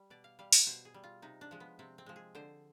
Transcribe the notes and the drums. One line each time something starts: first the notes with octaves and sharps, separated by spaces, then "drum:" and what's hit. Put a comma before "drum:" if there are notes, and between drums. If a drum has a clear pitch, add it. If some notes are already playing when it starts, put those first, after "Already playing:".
Already playing: G3
B2 D5
F5
G3 F5
D#5, drum: open hi-hat
B2 C5
G#4
G3
F4
C3 D#4
D4
F3 G#3
B3
C3 C4
C4
F3 G#3
G#4
D3 C5